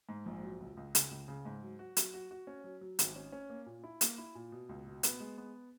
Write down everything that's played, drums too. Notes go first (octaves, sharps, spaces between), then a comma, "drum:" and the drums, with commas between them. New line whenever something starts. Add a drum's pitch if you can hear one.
G#2
A#1
F#3
C#2
C#2
C#3, drum: hi-hat
C#2
C#3
G#2
F#3
F#4
F#3, drum: hi-hat
F#4
F#4
C#4
F#3
F#3
G#1, drum: hi-hat
C#4
C#4
A#3
A#2
E4
A#3, drum: hi-hat
E4
A#2
B2
C#2
B2
B3, drum: hi-hat
G#3
B3